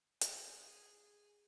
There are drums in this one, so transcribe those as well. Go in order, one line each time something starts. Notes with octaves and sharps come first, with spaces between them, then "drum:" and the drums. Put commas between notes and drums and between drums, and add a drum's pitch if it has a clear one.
G#4 G#5, drum: hi-hat